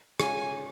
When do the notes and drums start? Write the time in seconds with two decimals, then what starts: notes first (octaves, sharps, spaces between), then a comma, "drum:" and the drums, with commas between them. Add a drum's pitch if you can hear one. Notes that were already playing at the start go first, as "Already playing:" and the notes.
0.20 C#3 G#3 C#4 F4 G#5, drum: rim click